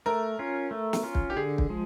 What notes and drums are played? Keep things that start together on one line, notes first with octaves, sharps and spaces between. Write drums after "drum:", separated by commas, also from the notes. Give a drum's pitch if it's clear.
A3 A#4
C#4 F4
A3
drum: snare
C#4 F4
drum: kick
G4
D3 G#4
drum: kick
F3 G#3